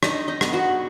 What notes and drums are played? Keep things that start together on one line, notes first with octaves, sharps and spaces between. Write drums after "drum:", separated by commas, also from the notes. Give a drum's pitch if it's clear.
D4 D#4 D#5, drum: rim click
D#4 D#5
B3, drum: rim click
F#4 F#5